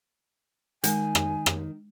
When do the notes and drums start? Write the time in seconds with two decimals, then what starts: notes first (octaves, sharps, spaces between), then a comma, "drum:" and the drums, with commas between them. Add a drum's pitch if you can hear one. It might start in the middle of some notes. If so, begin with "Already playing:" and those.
0.84 D#3 G#3 G#5, drum: hi-hat
1.15 drum: rim click
1.46 drum: rim click